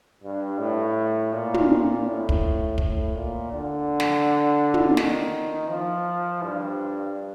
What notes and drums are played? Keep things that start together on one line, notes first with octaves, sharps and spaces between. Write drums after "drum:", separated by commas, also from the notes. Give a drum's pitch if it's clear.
G2
A2
A#2
drum: tom
A2
drum: kick
A2, drum: kick
A#2
D3
drum: snare
drum: tom
D#3, drum: snare
F3
G2